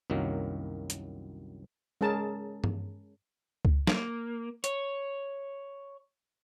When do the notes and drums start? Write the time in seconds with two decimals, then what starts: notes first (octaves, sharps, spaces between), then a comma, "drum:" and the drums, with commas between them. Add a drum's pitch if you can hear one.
0.10 C2 F#2 D#3 F#3 A#3
0.90 drum: hi-hat
2.01 G#3 C#4 G#4 A#4 A5
2.64 drum: tom G2
3.65 drum: kick C#2
3.87 A#3, drum: snare
4.64 C#5, drum: hi-hat